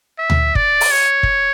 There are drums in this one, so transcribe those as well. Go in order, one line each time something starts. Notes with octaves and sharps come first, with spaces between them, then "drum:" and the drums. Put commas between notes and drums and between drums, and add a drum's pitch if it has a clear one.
E5
drum: tom D2
D5, drum: kick
drum: open hi-hat
C#5
drum: kick